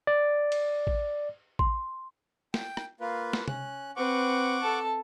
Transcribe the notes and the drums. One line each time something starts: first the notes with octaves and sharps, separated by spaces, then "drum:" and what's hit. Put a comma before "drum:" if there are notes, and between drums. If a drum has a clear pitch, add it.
D5
drum: cymbal
drum: kick A1
C6, drum: kick A1
G5, drum: snare
drum: rim click
A#3 F4 B4
drum: snare
C#4 F#6, drum: tom C3
C4 B4 F#5 C#6 D6
A4 A5